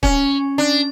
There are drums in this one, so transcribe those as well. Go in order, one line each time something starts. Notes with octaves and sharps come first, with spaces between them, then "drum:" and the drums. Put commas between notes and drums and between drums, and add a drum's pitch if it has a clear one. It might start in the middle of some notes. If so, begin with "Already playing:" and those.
C#4, drum: kick
D4